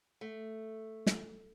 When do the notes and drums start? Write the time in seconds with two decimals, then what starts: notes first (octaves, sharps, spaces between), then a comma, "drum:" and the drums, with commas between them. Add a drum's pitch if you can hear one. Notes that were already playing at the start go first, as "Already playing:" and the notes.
0.21 A3
1.06 drum: snare